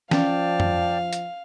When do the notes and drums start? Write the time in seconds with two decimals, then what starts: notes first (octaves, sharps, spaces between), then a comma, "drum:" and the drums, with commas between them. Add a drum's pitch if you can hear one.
0.11 F3 C#4 D5 F5 G5 A5, drum: snare E3
0.60 drum: tom F2
1.13 drum: hi-hat